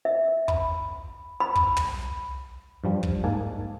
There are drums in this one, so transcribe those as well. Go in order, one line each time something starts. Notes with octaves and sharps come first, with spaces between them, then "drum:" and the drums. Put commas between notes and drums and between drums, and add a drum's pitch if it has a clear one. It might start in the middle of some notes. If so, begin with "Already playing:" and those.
E5
B5, drum: kick
B5
drum: kick
drum: tom
G2 F3 G3
drum: kick
G#2 A#3 G#5 A5